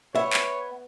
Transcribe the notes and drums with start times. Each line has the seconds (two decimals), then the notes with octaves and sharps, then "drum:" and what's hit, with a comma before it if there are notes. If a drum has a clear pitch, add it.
0.15 B3 C#5 E5
0.33 drum: clap